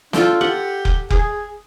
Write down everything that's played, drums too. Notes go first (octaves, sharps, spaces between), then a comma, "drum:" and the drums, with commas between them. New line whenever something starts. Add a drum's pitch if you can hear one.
D4 F4 A4 G5, drum: snare
G4 F#5
drum: kick F1
G#4, drum: kick F1